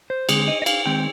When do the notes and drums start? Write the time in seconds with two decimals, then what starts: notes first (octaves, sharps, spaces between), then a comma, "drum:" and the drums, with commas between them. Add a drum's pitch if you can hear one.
0.10 C5
0.29 D3 G#3 C4 G#4, drum: cymbal
0.48 D#5
0.62 D#5
0.66 F5, drum: cymbal
0.86 D#3 G#3 C4 G5